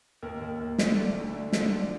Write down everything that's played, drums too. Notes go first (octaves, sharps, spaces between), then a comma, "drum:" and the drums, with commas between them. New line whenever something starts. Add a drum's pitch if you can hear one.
D#2 A#4
D#2
D#2
D3, drum: snare
A3 D5
D2
D3
D3, drum: snare
F3 D5